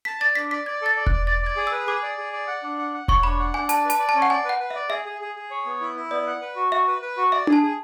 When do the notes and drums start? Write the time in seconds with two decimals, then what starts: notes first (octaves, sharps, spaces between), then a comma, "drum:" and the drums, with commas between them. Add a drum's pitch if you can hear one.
0.05 A5 B6
0.21 D5 A6
0.35 D4 B6
0.51 D5 B6
0.66 D5 G#6
0.82 A4 A6
0.97 D5
1.07 F#6, drum: kick E1
1.12 D5
1.27 D5 A6
1.42 D5 G#6
1.57 G#4
1.67 B4 E6
1.87 G#4 D6
2.03 D5
2.18 G#4
2.33 D5
2.47 F#5
2.63 D4
2.78 F#5
2.94 F#5
3.08 C#5 C#6, drum: kick E1
3.23 D4 B5
3.39 F#5
3.54 D4 G#5
3.69 D5 A5, drum: hi-hat
3.85 B4
3.90 A5, drum: hi-hat
3.99 D5
4.09 A5
4.15 C#4
4.22 F#5
4.30 D5 G#5
4.45 B4 F#5
4.60 B4
4.70 D5 E5
4.90 G#4 E5
5.05 G#4
5.21 G#4
5.36 G#4
5.51 C#5
5.66 B3
5.81 E4
5.96 E4
6.11 B3 D5
6.27 F#5
6.41 B4
6.56 F#4
6.72 F#4 E5
6.87 B4
7.02 B4
7.17 F#4
7.32 D5 E5
7.47 G#4, drum: tom D4
7.53 A5
7.63 G#4